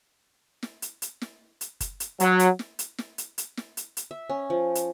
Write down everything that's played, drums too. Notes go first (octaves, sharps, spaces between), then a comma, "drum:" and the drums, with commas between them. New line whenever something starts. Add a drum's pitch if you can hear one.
drum: snare
drum: hi-hat
drum: hi-hat
drum: snare
drum: hi-hat
drum: kick F#1, hi-hat
drum: hi-hat
F#3, drum: hi-hat
drum: hi-hat
drum: snare
drum: hi-hat
drum: snare
drum: hi-hat
drum: hi-hat
drum: snare
drum: hi-hat
drum: hi-hat
E5
C#4
F3
drum: hi-hat